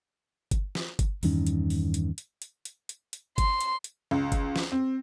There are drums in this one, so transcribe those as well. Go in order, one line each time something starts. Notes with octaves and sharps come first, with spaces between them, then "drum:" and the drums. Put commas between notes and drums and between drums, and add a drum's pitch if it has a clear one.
drum: kick G1, hi-hat
drum: snare
drum: kick G1, hi-hat
E2 G2 D#3 C#4, drum: open hi-hat
drum: hi-hat
drum: open hi-hat
drum: hi-hat
drum: hi-hat
drum: hi-hat
drum: hi-hat
drum: hi-hat
drum: hi-hat
C6, drum: kick G1, hi-hat
drum: hi-hat
drum: hi-hat
C#2
drum: kick G1, hi-hat
drum: snare
C4